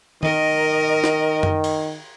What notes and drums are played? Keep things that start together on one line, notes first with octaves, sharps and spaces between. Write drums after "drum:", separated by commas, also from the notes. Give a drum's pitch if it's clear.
D#3 A#4 D#5, drum: tom D#3
drum: snare
drum: tom F#2
drum: cymbal